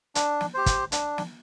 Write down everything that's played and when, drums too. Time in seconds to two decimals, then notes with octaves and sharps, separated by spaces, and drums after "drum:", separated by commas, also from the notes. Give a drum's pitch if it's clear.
0.15 D4, drum: hi-hat
0.41 drum: snare
0.54 G4 C5
0.66 drum: kick, hi-hat
0.92 D4, drum: hi-hat
1.18 drum: snare